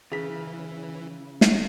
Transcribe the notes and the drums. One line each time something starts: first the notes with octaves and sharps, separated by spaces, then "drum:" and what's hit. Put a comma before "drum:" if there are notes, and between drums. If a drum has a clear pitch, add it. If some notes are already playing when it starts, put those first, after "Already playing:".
C#3 E3 G#4 B6
drum: snare